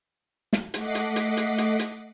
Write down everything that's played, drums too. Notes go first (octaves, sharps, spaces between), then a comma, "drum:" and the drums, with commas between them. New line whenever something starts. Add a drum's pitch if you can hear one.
drum: snare
A3 D#5 F#5 D6 B6 C7, drum: hi-hat
drum: hi-hat
drum: hi-hat
drum: hi-hat
drum: hi-hat
drum: hi-hat